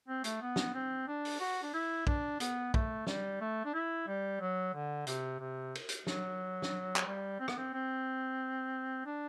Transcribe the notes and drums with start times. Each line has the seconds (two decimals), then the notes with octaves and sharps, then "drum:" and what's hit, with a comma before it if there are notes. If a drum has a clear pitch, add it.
0.08 C4
0.24 A3, drum: hi-hat
0.41 B3
0.56 drum: snare
0.74 C4
1.07 D4
1.25 drum: open hi-hat
1.40 F#4
1.63 D4
1.74 E4
2.07 D4, drum: kick
2.40 B3, drum: hi-hat
2.74 A3, drum: kick
3.07 G3, drum: snare
3.41 A3
3.65 D4
3.74 E4
4.07 G3
4.40 F#3
4.74 D3
5.07 C3, drum: hi-hat
5.40 C3
5.75 drum: cymbal
5.89 drum: hi-hat
6.07 F#3, drum: snare
6.62 drum: snare
6.96 drum: clap
7.06 G3
7.40 C4
7.48 B3, drum: rim click
7.57 C4
7.73 C4
9.06 D4